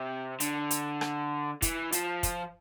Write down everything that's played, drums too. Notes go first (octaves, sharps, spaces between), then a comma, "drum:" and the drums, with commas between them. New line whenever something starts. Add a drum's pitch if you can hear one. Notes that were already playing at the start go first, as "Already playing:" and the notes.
Already playing: C3
D3, drum: hi-hat
drum: hi-hat
drum: rim click
E3, drum: kick, hi-hat
F3, drum: hi-hat
drum: kick, hi-hat